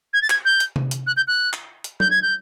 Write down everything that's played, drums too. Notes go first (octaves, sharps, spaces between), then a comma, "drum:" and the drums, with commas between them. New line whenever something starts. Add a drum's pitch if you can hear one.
G#6
A6
G#6, drum: clap
G6
drum: hi-hat
drum: tom C3
drum: hi-hat
F#6
G6
F#6
drum: clap
drum: hi-hat
G6, drum: tom F#3
G#6
G6